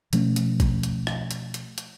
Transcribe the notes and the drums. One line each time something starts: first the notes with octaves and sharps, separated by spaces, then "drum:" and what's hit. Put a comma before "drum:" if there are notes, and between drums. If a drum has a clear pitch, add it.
B2 F3 A3 C#4, drum: hi-hat
drum: hi-hat
drum: kick, hi-hat
drum: hi-hat
drum: rim click
drum: hi-hat
drum: hi-hat
drum: hi-hat